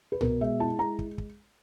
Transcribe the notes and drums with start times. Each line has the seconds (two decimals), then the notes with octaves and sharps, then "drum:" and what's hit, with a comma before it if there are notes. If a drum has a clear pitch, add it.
0.12 B4
0.21 B2 A#4, drum: tom C2
0.41 G#3 E5
0.60 E4 A5
0.79 G#3 A#5
0.99 drum: kick
1.18 drum: kick